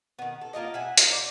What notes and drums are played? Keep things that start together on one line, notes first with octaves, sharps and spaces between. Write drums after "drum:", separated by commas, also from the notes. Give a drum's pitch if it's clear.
D#3 B3
A4
A#3 F4 A#4 D#5
E5 F#5 G#5
D#4 F4, drum: hi-hat
D5